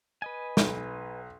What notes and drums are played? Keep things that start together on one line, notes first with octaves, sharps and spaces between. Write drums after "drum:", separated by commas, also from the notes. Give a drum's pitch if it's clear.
B4 D#5 G#5
B1, drum: snare